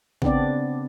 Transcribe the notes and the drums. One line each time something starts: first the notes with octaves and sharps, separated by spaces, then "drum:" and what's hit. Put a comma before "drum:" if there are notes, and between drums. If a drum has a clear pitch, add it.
C#3 B3 C4 D4 D5, drum: kick